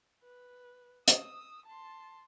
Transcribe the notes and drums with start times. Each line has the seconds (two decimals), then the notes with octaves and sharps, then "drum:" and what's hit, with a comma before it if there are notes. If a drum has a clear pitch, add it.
0.23 B4
1.08 D#6 E6, drum: hi-hat
1.65 A5 C6